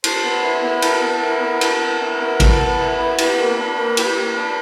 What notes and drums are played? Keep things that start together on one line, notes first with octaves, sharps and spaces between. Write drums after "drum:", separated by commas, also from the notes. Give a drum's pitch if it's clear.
A4 C5, drum: cymbal
B3
E4
B3
A4 A#4, drum: cymbal
B3
E4 A#4
B3
A4, drum: cymbal
B3
E4
B3
A4, drum: kick A1, cymbal
B3
E4
B3
G4 B4, drum: cymbal
A#3
D4
A#3
G4, drum: cymbal
A#3
D4